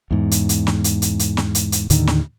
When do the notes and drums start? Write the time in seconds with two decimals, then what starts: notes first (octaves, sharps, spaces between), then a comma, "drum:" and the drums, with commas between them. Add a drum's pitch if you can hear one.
0.11 E2 G#2
0.31 drum: hi-hat
0.49 drum: hi-hat
0.67 drum: snare
0.84 drum: hi-hat
1.02 drum: hi-hat
1.19 drum: hi-hat
1.37 drum: snare
1.55 drum: hi-hat
1.72 drum: hi-hat
1.90 D#2 A2 D3 D#3, drum: hi-hat
2.07 drum: snare